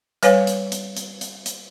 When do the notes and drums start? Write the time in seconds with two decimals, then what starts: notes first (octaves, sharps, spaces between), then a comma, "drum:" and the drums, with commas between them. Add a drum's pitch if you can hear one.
0.23 G3 B4 C#5 F5 G#5, drum: hi-hat
0.47 drum: hi-hat
0.72 drum: hi-hat
0.97 drum: hi-hat
1.21 drum: hi-hat
1.46 drum: hi-hat